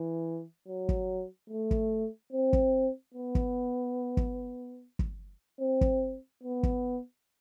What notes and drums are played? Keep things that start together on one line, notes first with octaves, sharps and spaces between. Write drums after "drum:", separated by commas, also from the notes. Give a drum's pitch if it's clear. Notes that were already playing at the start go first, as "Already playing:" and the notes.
Already playing: E3
F#3
drum: kick
A3
drum: kick
C4
drum: kick
B3
drum: kick
drum: kick
drum: kick
C4
drum: kick
B3
drum: kick